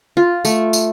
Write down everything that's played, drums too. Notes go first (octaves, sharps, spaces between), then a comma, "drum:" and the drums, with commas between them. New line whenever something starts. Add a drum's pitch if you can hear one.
F4
A3, drum: tambourine
drum: tambourine